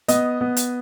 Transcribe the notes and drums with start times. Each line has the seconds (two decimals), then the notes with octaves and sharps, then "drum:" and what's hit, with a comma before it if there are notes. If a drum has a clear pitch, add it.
0.08 B3 D#5, drum: hi-hat
0.41 B3
0.57 drum: hi-hat